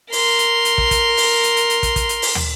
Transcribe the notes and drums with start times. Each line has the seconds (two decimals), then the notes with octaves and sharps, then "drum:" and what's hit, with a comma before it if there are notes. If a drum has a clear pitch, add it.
0.12 A#4 C6, drum: open hi-hat
0.39 drum: hi-hat
0.65 drum: hi-hat
0.78 drum: kick
0.91 drum: kick, hi-hat
1.17 drum: open hi-hat
1.43 drum: hi-hat
1.57 drum: hi-hat
1.70 drum: hi-hat
1.83 drum: kick, hi-hat
1.96 drum: kick, hi-hat
2.09 drum: hi-hat
2.22 drum: open hi-hat
2.35 drum: tom